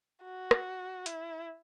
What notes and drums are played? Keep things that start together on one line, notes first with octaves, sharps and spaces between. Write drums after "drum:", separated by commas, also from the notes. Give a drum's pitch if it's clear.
F#4
drum: rim click
E4, drum: hi-hat